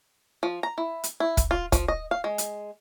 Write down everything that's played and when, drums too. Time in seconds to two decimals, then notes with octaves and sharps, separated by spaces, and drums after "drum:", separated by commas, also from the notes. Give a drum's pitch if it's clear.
0.43 F3
0.63 A#5
0.78 E4
1.04 drum: hi-hat
1.20 E4
1.37 drum: kick, hi-hat
1.51 F4
1.72 F3, drum: kick, hi-hat
1.88 D#5
2.11 F5
2.24 G#3
2.38 drum: hi-hat